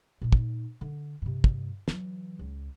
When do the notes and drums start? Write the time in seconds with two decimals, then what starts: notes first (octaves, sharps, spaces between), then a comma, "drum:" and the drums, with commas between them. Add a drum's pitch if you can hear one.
0.21 A#2 D#4
0.32 drum: kick
0.81 D3
1.22 G2 C3
1.44 drum: kick
1.88 E3 F#3, drum: snare
2.39 C#2